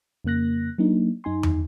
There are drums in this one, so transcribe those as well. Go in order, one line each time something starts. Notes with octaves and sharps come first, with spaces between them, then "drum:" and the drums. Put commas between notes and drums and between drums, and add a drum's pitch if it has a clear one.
F2 C#3 A#3 F#6 A#6
F#3 A#3 D4 D#4
F#2 D#4 G#5 C6
drum: tom E2